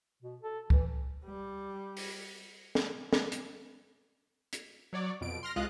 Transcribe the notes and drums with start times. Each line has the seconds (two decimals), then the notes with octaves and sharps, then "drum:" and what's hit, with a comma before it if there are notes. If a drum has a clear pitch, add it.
0.22 B2
0.41 A4
0.70 E3, drum: kick C#2
1.25 G3
1.97 drum: open hi-hat
2.75 drum: snare
3.13 drum: snare
3.32 drum: hi-hat
4.53 drum: hi-hat
4.93 F#3 C#5 D5
5.21 F2 B2 D7
5.43 C6 F6 A#6
5.56 C2 G#3 F4 D#5 F5 F#6